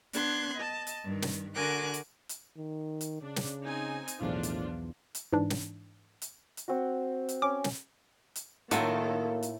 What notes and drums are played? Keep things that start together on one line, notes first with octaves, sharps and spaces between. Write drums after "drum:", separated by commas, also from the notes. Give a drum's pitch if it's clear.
B3 D4 C6 F#6 G#6, drum: hi-hat
D#5 A5
drum: hi-hat
G2 D#3
drum: snare
D3 F#4 A#4 G#5 D6 F#6
drum: hi-hat
drum: hi-hat
D#3
drum: hi-hat
C#3 D4
drum: snare
C4 D#4 G#5
drum: hi-hat
B1 E2 A2 F3 D4 F4
drum: hi-hat
drum: hi-hat
G#2 E3 D4
drum: snare
drum: hi-hat
drum: hi-hat
C4 F#4
drum: hi-hat
C#4 D6
drum: snare
drum: hi-hat
A2 D#3 F#3 A#3 F4 F#4 A4, drum: hi-hat
drum: hi-hat